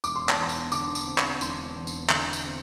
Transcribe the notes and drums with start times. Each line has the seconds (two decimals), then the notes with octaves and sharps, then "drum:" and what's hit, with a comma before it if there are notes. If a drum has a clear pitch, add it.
0.04 E1 D6, drum: tambourine
0.16 C6
0.29 A5, drum: clap
0.37 E2 C6
0.49 drum: tambourine
0.72 D3 D6, drum: tambourine
0.95 drum: tambourine
1.07 C4
1.18 drum: clap
1.41 E1 C6, drum: tambourine
1.76 E2
1.87 drum: tambourine
2.09 D3, drum: clap
2.33 drum: tambourine
2.45 C4